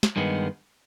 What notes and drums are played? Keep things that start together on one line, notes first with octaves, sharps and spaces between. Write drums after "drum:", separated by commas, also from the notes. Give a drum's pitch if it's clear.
drum: snare
G2 D#3 G#3 B3